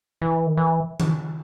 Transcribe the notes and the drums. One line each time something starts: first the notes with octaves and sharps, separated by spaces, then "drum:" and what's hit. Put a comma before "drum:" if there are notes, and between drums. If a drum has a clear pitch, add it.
E3
D#3
E3
drum: tom D#3